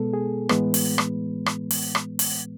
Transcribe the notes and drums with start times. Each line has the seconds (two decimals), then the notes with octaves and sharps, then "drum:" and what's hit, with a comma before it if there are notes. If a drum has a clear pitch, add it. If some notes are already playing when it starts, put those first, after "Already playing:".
Already playing: B2 G#3 B3 A4
0.13 G#4
0.49 A2 E3 G#3 B3 B4, drum: rim click
0.74 drum: open hi-hat
0.98 drum: rim click
1.46 drum: rim click
1.71 drum: open hi-hat
1.95 drum: rim click
2.19 drum: open hi-hat